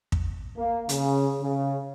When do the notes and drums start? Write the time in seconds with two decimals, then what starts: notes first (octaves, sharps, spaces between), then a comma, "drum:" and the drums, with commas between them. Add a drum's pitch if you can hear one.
0.12 drum: kick
0.57 A#3
0.89 C#3, drum: hi-hat
1.41 C#3